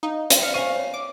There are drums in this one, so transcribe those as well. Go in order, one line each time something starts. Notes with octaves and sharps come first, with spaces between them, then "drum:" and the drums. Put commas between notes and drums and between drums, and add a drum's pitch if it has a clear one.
D#4 F5
drum: hi-hat
F5 C#7
C5 F5 G#5 C#6 D#7
C#5
D6